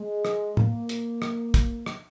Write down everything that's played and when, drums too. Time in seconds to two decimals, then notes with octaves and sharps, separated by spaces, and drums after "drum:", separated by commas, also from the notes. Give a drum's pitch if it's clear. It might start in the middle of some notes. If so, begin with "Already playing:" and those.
Already playing: G#3
0.25 drum: rim click
0.57 A#3, drum: tom
0.89 drum: hi-hat
1.22 drum: rim click
1.54 drum: kick, hi-hat
1.86 drum: rim click